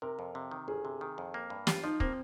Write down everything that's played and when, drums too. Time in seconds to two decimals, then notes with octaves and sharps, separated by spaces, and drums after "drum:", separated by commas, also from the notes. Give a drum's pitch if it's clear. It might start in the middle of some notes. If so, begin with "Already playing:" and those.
0.02 C3 A#4
0.19 F2
0.35 C3
0.51 D#3
0.68 G1 G#4
0.85 C3
1.01 D#3
1.18 F2
1.34 A#3
1.50 G2
1.67 F4 G4, drum: snare
1.83 F3 D#4
2.00 A#3 C4, drum: kick